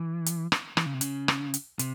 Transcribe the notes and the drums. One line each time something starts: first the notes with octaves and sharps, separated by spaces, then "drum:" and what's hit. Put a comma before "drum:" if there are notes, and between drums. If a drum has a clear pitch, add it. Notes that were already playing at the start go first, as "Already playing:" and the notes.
Already playing: E3
drum: hi-hat
drum: rim click
E3, drum: rim click
C#3
C3
C#3, drum: hi-hat
drum: rim click
drum: hi-hat
C3, drum: hi-hat